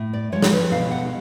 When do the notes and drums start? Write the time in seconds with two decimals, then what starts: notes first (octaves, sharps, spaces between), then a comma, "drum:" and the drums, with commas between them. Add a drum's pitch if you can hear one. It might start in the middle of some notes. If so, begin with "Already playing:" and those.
Already playing: A2
0.13 D5
0.32 F3 G#3 C#5
0.42 drum: snare
0.52 B4
0.72 B2 F5
0.91 F#5